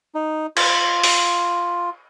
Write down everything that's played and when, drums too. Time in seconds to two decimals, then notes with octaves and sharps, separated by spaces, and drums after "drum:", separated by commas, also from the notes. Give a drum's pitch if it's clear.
0.15 D#4
0.57 F4, drum: cymbal
1.04 drum: open hi-hat